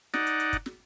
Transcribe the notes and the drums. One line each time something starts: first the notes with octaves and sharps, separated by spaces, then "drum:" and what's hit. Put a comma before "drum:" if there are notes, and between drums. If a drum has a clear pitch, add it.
D#4 D5 F#5, drum: snare
drum: hi-hat
drum: hi-hat
drum: kick, hi-hat
drum: snare